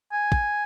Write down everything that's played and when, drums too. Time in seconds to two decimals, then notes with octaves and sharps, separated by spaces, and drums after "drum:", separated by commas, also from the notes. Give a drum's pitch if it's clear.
0.12 G#5
0.32 drum: kick